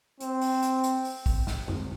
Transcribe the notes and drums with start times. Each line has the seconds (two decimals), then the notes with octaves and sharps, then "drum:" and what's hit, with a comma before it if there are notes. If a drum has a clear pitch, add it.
0.20 C4, drum: hi-hat
0.41 drum: open hi-hat
0.63 drum: hi-hat
0.84 drum: hi-hat
1.05 drum: open hi-hat
1.26 drum: kick, open hi-hat
1.47 drum: snare
1.68 drum: tom F#2